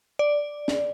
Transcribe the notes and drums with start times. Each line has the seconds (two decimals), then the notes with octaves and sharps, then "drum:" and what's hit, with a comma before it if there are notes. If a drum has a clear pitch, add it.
0.19 D5
0.68 drum: snare